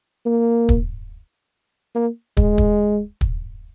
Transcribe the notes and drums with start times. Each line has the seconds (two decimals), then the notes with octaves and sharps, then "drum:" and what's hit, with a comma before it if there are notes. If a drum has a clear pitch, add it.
0.26 A#3
0.69 drum: kick
1.95 A#3
2.37 G#3, drum: kick
2.58 drum: kick
3.21 drum: kick